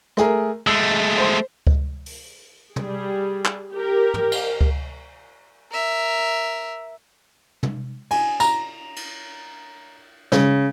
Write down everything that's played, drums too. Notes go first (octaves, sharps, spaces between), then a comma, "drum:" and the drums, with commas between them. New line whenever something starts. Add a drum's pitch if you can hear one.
A3 G#4 A#4, drum: rim click
G#3 A3 E6 C7
C5 C6
drum: kick C#2
drum: open hi-hat
G3 G#4, drum: tom
drum: clap
G4 A#4
drum: tom
drum: cymbal
drum: kick C#2
A#4 E5
drum: tom
G#5, drum: cymbal
A#5, drum: tambourine
drum: cymbal
C#3, drum: snare